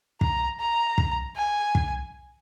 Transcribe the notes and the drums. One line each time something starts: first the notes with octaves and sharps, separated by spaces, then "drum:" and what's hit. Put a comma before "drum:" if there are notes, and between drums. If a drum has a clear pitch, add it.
A#5, drum: kick
A#5
drum: kick
G#5
drum: kick